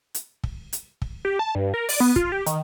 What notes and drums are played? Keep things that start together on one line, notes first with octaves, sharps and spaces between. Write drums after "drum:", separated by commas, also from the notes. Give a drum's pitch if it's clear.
drum: hi-hat
drum: kick
drum: hi-hat
drum: kick
G4
A5
G2
A#4
D5, drum: open hi-hat
B3
F4, drum: kick
G4
D#3, drum: hi-hat